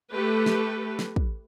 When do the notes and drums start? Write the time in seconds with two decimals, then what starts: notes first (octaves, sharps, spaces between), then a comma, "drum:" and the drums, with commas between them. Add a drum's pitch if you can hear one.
0.11 A3 G4 A4 B4
0.46 drum: snare
0.99 drum: snare
1.16 drum: kick